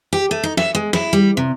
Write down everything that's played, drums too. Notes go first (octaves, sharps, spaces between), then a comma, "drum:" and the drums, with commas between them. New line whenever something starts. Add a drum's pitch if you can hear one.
G4
A3
D#4
E5, drum: snare
G#3
E4, drum: snare
G3
C3